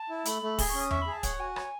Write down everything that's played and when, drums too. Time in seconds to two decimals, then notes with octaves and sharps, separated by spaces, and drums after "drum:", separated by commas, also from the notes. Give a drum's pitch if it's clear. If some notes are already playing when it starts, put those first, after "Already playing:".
Already playing: A5
0.09 E4
0.26 A3 B5, drum: hi-hat
0.42 A3
0.58 G#4, drum: kick, open hi-hat
0.69 C#6
0.75 C#4
0.80 D#6
0.91 E5 C#6, drum: tom E2
1.01 B5
1.07 G#4
1.12 A5
1.23 C#5 F#5, drum: kick, hi-hat
1.40 F#4 G#5
1.56 C#5, drum: rim click